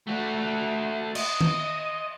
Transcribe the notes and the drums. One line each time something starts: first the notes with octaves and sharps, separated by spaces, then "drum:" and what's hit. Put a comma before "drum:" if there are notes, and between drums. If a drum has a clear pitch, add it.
A3 F#4
D#5, drum: cymbal
drum: tom D#3